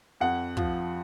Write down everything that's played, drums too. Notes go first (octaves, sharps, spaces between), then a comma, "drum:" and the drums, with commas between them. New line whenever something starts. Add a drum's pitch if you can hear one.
F2 F#5
F3, drum: kick